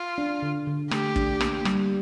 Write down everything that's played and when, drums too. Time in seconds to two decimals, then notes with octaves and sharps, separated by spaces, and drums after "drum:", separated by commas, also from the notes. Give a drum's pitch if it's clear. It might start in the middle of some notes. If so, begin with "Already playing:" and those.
Already playing: F4
0.18 D4
0.42 D3
0.67 D3
0.91 A3 G4, drum: rim click
1.16 D4, drum: kick
1.40 A#3, drum: rim click
1.65 G3, drum: rim click